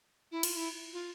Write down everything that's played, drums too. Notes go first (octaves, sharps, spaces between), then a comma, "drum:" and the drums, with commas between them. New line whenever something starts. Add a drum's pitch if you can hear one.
E4
F4, drum: cymbal
E4
F4